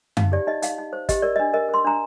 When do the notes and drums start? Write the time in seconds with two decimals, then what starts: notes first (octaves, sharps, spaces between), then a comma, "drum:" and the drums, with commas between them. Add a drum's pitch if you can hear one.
0.17 D#4 F5, drum: tom F#2
0.32 G4 D5
0.47 D#4 D#5
0.62 D#4 F5, drum: hi-hat
0.78 D#4
0.93 C5
1.09 G4 D#5, drum: kick, hi-hat
1.22 A#4 D5
1.36 D4 D#5
1.54 A#4 D#5
1.69 A#4 C6
1.85 D4 A#5